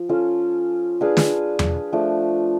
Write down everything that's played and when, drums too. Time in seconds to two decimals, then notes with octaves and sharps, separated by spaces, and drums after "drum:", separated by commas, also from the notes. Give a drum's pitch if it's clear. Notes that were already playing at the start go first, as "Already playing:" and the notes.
Already playing: F3
0.09 C#4 F4 A4 C#5
1.01 D4 G#4 B4 F5
1.17 drum: snare
1.59 drum: tom E2
1.93 F3 A3 D4